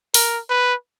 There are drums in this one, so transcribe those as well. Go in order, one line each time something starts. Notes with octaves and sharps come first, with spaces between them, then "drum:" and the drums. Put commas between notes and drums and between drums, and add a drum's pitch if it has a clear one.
A#4, drum: open hi-hat
B4